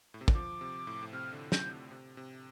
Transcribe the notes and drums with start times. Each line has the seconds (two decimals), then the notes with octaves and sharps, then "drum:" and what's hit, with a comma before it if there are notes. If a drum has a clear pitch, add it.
0.14 A2
0.21 C3
0.28 D3, drum: kick
0.35 F3 D6
0.61 C3
0.87 A2
1.03 A2
1.13 C3 F6
1.33 D3
1.52 C3 G6, drum: snare
1.91 C3
2.17 C3